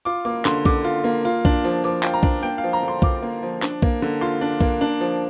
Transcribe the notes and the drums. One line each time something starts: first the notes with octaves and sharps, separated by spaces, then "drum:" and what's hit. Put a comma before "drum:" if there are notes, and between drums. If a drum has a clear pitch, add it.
F4 D6
A#3 D6
D3 C6, drum: clap
D3 D6, drum: kick B1
F4
A#3
F4
D4, drum: kick B1
F3
F3 D6
F4 G5, drum: clap
A#5
D4, drum: kick B1
A#3 G5
F5
F3
A#5
D3
C6
F4 D6, drum: kick B1
A#3
F3
D4, drum: clap
A#3, drum: kick B1
D3
F4 C6
D4
A#3, drum: kick B1
D4
F3